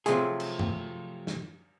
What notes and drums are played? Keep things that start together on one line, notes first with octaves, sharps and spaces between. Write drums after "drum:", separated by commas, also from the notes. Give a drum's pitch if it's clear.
C3 F3 F#3 A3 G#4, drum: hi-hat
drum: cymbal
drum: tom G2
drum: snare